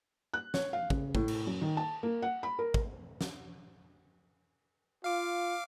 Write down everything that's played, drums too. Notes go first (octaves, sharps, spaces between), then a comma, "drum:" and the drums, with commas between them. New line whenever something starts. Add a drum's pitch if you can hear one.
F#6
C#5, drum: snare
F5
C#3, drum: kick
A2, drum: kick
drum: cymbal
F#2
D#3
A5
A#3
F#5
B5
A#4
drum: kick
drum: snare
F4 F5 D6